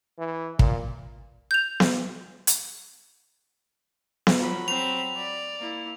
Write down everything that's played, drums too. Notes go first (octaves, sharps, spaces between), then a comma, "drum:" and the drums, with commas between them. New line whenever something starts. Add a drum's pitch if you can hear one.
E3
A#2, drum: kick
G6 F7
drum: snare B3
drum: hi-hat
drum: snare B3
F3 F#3 B5
C4 F7
D5
A#3 E4